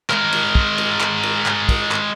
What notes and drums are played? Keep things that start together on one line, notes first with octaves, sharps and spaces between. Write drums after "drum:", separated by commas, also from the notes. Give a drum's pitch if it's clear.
G#3 A#4, drum: clap
drum: cymbal
drum: kick
drum: cymbal
drum: clap
drum: cymbal
drum: clap
drum: kick, cymbal
drum: clap